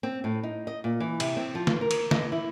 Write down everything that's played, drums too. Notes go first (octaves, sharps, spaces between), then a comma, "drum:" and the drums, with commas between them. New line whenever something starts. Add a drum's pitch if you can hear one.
C4
A2
D#4
D#5
A#2
E3
C3, drum: cymbal
C4
F3
drum: snare
A#4
drum: cymbal
D#5, drum: snare
E4